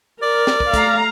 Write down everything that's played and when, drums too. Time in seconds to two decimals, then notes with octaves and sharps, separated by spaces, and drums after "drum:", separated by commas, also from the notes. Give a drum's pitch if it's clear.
0.22 A#4 D5
0.47 drum: snare
0.60 drum: kick
0.74 A3 F5 A#5, drum: kick, hi-hat